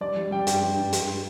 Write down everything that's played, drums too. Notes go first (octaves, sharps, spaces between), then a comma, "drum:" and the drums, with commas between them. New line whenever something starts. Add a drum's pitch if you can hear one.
G3 D5
G3
G3 G5
G2 G5, drum: hi-hat
G2
G2
G2, drum: hi-hat